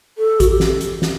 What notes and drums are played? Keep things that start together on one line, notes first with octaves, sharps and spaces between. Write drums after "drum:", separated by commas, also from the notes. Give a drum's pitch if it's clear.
A4
F#4, drum: kick A1, hi-hat
G4
drum: snare
drum: hi-hat
drum: snare